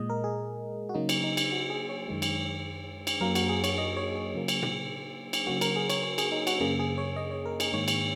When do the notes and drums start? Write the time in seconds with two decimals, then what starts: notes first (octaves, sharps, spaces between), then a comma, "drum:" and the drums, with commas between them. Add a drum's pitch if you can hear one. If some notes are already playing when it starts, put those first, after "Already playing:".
Already playing: A#2 G#3 D#5
0.10 A#4
0.24 G#4
0.89 F#4
0.94 C#3 F#3 A#3 D#4
1.09 drum: cymbal
1.24 D#4
1.37 drum: cymbal
1.52 F#4
1.70 G#4
1.89 C#5
2.08 F#2 D#3 G#3
2.22 drum: cymbal
3.07 drum: cymbal
3.21 F#2 F#3 A#3 A#4
3.35 F#4, drum: cymbal
3.49 G#4
3.64 C#5, drum: cymbal
3.78 D#5
3.97 C#5
4.15 G#4
4.35 C#3 F#3 A#3
4.48 drum: cymbal
4.62 drum: tom
5.33 drum: cymbal
5.47 C#3 F#3 A#3 F#4
5.61 A#4, drum: cymbal
5.76 G#4
5.90 C#5, drum: cymbal
6.03 C#5
6.18 G#4, drum: cymbal
6.32 D#4
6.47 F#4, drum: cymbal
6.60 F#2 C#3 A#3 G#4
6.79 G#4
6.98 C#5
7.16 D#5
7.31 C#5
7.46 A#4
7.60 G#4, drum: cymbal
7.73 G#2 D#3 A#3 C#5
7.88 drum: cymbal